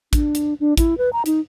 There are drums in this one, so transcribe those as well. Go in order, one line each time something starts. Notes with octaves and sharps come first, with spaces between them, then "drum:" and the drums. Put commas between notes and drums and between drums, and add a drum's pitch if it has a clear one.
D4, drum: kick, hi-hat
drum: hi-hat
D4
E4, drum: kick, hi-hat
B4
A#5
D#4, drum: hi-hat